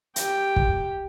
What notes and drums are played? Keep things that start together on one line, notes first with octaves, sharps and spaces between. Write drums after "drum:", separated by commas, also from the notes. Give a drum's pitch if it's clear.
G4 G5, drum: hi-hat
drum: kick